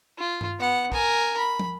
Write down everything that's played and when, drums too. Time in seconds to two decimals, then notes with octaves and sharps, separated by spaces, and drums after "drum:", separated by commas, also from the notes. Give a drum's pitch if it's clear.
0.18 F4
0.41 drum: tom G2
0.60 B3 F#5
0.92 A#4 G#5, drum: kick
1.38 B5
1.59 drum: tom